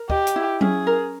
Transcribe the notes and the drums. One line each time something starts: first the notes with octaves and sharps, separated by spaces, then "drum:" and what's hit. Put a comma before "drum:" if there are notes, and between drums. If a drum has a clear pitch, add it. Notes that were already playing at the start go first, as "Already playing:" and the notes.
Already playing: A#4
G4 D#5, drum: kick
drum: hi-hat
E4
C#4 G#4, drum: tom F#3
A#4